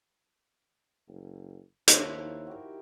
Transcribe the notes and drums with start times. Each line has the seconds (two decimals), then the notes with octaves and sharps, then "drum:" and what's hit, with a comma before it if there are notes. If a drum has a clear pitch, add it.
1.07 F#1
1.88 D#2 D#3 F3 E4 C#5 E6 F#6, drum: hi-hat
2.47 F#4 G4 A#4